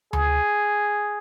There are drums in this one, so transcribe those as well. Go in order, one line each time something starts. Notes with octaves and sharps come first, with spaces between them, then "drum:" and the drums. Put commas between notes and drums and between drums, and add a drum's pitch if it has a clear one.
G#4, drum: tom D2